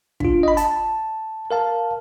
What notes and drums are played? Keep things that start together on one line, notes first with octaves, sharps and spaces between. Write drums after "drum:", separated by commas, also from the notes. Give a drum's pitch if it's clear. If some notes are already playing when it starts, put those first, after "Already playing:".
D4 F4, drum: kick
D#5 B5
A5, drum: hi-hat
A#4 F5 A5